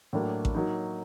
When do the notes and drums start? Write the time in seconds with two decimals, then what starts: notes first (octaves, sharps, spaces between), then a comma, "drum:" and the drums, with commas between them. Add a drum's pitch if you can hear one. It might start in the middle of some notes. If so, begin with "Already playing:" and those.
0.13 A2 F#3 A#3 D4
0.45 drum: kick A1
0.55 F#3 A#3 D#4